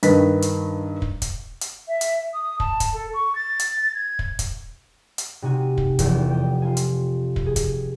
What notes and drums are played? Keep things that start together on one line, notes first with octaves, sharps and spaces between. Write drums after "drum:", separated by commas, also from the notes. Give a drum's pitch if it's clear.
G2 D#3 B4 D#5 B6, drum: hi-hat
drum: hi-hat
drum: kick
drum: kick, hi-hat
drum: hi-hat
E5
drum: hi-hat
D#6
A5, drum: kick
drum: kick, hi-hat
A4
C#6
A6
drum: hi-hat
G#6
drum: kick
drum: kick, hi-hat
drum: hi-hat
C3 D#4 F#4 G#5 D#7
drum: kick
F1 E2, drum: kick, hi-hat
D#5 G5
F4 G#5
drum: hi-hat
drum: kick
G#4
drum: kick, hi-hat